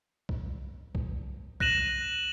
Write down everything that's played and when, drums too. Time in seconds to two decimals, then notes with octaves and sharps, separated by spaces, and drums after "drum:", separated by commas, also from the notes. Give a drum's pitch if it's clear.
0.29 drum: kick B1
0.95 drum: kick B1
1.60 F#6 A#6 D#7 E7 F#7, drum: kick B1